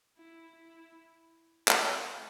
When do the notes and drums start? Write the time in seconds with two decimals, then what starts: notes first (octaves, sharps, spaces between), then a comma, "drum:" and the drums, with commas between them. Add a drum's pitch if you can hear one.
0.18 E4
0.55 E4
1.68 A4, drum: clap